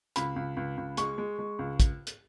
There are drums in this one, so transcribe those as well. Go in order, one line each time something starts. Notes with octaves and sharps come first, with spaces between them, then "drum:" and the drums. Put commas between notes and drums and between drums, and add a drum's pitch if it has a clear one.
C#2 B5, drum: hi-hat
C#2
C#2
C#2
G#3 C#6, drum: hi-hat
G#3
G#3
C#2
drum: kick, hi-hat
drum: hi-hat